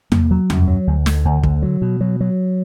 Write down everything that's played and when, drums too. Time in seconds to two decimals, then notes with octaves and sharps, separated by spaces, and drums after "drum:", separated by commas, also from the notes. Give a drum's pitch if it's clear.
0.12 A#3, drum: tom E2
0.31 F#3
0.50 F#2, drum: tom E2
0.68 F#3
0.87 D2
1.06 D3, drum: snare
1.25 D2
1.43 D3, drum: kick
1.62 F#3
1.82 B2
2.01 F#3
2.21 F#3